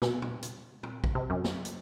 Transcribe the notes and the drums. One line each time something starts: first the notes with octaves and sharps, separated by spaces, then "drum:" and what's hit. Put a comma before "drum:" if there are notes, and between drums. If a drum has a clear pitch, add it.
B2, drum: snare
drum: tom
drum: hi-hat
drum: tom
drum: kick
C3
F#2
drum: snare
drum: hi-hat